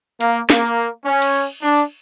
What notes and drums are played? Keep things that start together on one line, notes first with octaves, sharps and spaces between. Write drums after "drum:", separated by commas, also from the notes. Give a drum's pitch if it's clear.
A#3, drum: hi-hat
A#3, drum: snare
C#4
drum: cymbal
D4